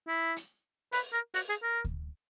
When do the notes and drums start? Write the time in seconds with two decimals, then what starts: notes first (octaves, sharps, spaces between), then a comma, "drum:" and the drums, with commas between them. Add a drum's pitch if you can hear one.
0.07 E4
0.36 drum: hi-hat
0.92 B4, drum: open hi-hat
1.13 A#4
1.34 F#4, drum: open hi-hat
1.49 G#4
1.63 A#4
1.85 drum: kick D2